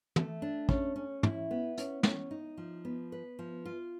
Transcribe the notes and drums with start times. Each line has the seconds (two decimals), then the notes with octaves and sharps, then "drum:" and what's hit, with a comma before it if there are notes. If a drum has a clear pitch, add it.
0.16 A3, drum: tom
0.42 D4
0.69 C#4, drum: kick
0.96 C#4
1.23 E4, drum: tom
1.51 B3
1.78 C#4, drum: hi-hat
2.03 C#4, drum: snare
2.31 D#4
2.57 F3
2.85 B3
3.12 B4
3.39 F3
3.66 F4